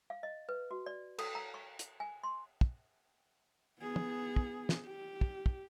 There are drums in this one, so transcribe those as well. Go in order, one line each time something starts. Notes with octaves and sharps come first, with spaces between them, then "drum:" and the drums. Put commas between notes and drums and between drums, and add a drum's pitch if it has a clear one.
F5
D#5
B4
F#4
D5
A4, drum: cymbal
A#5
C#6
drum: hi-hat
G#5
C6
drum: kick
B3 G#4
drum: tom
drum: kick
drum: snare
G4
drum: kick
drum: kick